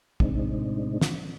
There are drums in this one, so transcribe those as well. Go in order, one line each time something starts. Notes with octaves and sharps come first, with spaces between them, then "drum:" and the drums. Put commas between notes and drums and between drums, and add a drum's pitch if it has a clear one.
A2 C3 G#3 C4 D4 D#4, drum: kick
drum: snare